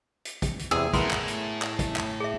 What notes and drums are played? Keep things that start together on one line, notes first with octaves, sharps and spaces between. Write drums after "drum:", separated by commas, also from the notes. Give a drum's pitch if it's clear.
drum: hi-hat
drum: kick, hi-hat
drum: hi-hat
E2 C3 G#4 E6
A2 B3 E4 A#4 C6, drum: kick, hi-hat
drum: clap
drum: hi-hat
drum: clap
drum: kick, hi-hat
drum: clap
G#4 E5